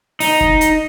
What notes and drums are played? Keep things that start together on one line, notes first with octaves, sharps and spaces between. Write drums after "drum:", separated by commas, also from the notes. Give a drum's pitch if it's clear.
D#4, drum: open hi-hat
drum: kick
drum: hi-hat